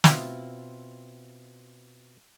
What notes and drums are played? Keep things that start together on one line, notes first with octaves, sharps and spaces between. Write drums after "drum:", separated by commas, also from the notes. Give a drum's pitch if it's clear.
B2 C4 E4 F4, drum: snare